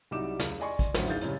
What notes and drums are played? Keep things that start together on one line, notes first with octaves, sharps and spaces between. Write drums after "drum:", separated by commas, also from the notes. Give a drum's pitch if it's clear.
C2 F#3 G3 D#4 D6 E7
C#2, drum: snare
D5 D#5 G#5 C6 C#6
drum: kick, hi-hat
A1 D2 F#3 C5 C6, drum: snare
E3 D#4 G#4 F5 G6 A6, drum: hi-hat
F#2 A2 C#3 G3, drum: hi-hat